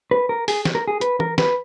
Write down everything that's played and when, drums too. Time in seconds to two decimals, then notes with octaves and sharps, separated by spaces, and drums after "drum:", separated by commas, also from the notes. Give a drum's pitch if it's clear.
0.11 B4
0.29 A#4
0.48 G#4, drum: open hi-hat
0.65 drum: snare
0.75 A#4
0.88 G#4
1.01 B4, drum: hi-hat
1.20 A#4, drum: tom E3
1.38 B4, drum: snare